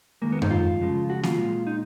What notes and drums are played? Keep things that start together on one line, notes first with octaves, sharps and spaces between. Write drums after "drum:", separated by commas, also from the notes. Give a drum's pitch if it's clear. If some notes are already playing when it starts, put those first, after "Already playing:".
F2 D#3 G#3 A#3
B3
D#4, drum: tom F#2
F4
C#2 C#3 F3 G#3
F#4
F4, drum: snare A#3
A#2 G#3
D#4